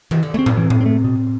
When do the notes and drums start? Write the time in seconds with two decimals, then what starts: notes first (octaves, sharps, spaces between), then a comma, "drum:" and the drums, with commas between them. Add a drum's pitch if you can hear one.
0.11 D#3 E3, drum: tom D#3
0.23 D3
0.34 C#3 A3 C4
0.46 C3, drum: tom A2
0.57 E3
0.70 drum: tom A2
0.81 C4
0.86 A3
1.04 B2